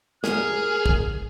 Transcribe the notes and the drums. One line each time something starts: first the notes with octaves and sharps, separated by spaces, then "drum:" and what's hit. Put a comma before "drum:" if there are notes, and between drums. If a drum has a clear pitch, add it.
G#4 A#4 F6, drum: snare
drum: kick